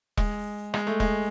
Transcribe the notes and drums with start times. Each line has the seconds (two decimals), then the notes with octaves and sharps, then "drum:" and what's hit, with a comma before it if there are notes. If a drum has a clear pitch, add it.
0.17 G#3, drum: kick E1
0.74 G#3, drum: rim click
0.87 A3
1.00 G#3, drum: kick E1